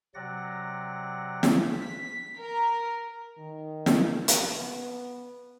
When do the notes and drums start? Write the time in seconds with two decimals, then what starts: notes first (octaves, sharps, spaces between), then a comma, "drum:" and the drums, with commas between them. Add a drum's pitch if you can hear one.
0.15 C3 F#3 D5 F#5 A#6
1.43 drum: snare
1.71 B6
2.39 A#4
3.38 D#3
3.86 drum: snare
4.28 drum: hi-hat
4.50 B3